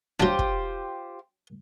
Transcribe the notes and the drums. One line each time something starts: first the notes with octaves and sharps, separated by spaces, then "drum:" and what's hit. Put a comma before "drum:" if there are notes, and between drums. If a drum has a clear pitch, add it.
F#3 D4 F4 G4 C5
drum: kick